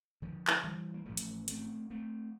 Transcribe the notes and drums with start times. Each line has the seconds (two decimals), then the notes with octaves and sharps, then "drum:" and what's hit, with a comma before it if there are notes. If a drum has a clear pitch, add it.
0.22 D3 F3
0.47 drum: clap
0.64 E3 G3
0.94 A#3
1.05 A1 A2 F3 A3
1.17 drum: hi-hat
1.48 A3 C4, drum: hi-hat
1.90 A3 C4